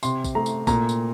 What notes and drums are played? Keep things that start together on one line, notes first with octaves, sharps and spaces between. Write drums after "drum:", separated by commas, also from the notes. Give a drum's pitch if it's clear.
C3 C6, drum: tambourine
drum: kick, tambourine
A3 A#5
drum: tambourine
A#2 A#5, drum: kick, tambourine
drum: tambourine